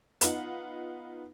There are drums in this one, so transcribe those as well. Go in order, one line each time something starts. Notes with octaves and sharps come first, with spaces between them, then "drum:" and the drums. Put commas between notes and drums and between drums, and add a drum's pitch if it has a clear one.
B3 D#4 F4 F#5, drum: hi-hat